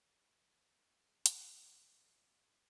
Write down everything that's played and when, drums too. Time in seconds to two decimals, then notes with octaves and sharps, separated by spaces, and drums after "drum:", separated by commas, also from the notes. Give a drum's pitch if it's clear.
0.12 F#6
0.65 A#4
1.26 F#6, drum: hi-hat